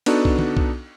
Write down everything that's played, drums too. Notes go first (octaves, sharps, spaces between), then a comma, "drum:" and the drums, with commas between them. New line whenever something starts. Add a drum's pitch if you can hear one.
B3 D4 D#4 F#4 A4, drum: cymbal
drum: kick B1
drum: tom
drum: kick B1